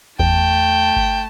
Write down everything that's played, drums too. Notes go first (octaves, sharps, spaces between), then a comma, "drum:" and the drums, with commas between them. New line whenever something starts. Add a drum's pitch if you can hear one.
E2 A3 G5 A5, drum: kick G1
drum: kick G1